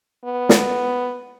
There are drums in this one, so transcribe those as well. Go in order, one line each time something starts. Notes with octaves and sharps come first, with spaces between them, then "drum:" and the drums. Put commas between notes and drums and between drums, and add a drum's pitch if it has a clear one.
B3
drum: snare